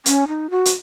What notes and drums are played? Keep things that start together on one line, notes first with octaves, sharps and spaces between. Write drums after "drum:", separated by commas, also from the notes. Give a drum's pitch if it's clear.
C#4, drum: hi-hat
D#4
F#4
drum: hi-hat